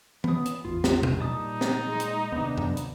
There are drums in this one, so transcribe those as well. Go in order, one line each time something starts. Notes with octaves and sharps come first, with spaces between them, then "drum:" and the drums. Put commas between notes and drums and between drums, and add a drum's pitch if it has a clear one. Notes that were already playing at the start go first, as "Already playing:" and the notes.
B3 D#6, drum: tom E3
drum: hi-hat
A1 E2 G#2 F4
drum: snare
drum: tom
A#2 G3 D#4 A5 D#6
drum: snare
G#3
drum: hi-hat
D#2 C3 B3 D4
drum: tom F#2
drum: hi-hat